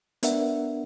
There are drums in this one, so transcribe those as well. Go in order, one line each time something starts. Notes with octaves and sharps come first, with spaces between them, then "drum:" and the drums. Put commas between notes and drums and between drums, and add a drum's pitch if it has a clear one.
B3 D4 A#4 E5 F#5, drum: hi-hat